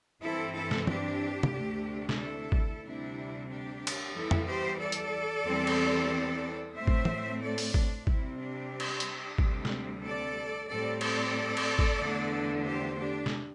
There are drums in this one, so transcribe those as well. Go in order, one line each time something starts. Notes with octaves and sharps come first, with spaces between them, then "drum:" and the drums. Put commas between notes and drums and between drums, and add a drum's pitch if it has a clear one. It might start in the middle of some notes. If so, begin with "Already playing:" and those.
G2 E3 C4 E4 A4
E4 A4
drum: snare
D4 G4, drum: tom
drum: tom
D2 C3 A3 D4
drum: snare
E4 A4
drum: kick
D2 C3 G3 D4 E4
D4 G4
drum: cymbal
E2 E3 G3 E4 A4
drum: tom F2
G4 C5
A4 D5
drum: hi-hat
E2 E3 G3 C4
drum: cymbal
A2 A3 C4 C5 E5
drum: kick
drum: tom
A4 D5
drum: open hi-hat
D4, drum: kick
C3 G3 C4 E4, drum: kick
D4 G4
drum: cymbal
drum: hi-hat
D2 C3 G3 C4, drum: kick
drum: snare
A4 D5
A2 G3 C4 A4 D5
A4 D5, drum: cymbal
drum: cymbal
drum: kick
E2 D3 A3 D4
G4 C5
D4 G4
drum: snare